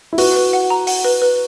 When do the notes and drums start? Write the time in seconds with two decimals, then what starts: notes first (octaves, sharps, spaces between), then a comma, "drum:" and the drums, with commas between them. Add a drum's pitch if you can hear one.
0.13 E4
0.18 F#4 B4, drum: open hi-hat
0.36 B4
0.53 F#5
0.70 A#5
0.87 F#5, drum: open hi-hat
1.04 B4
1.22 B4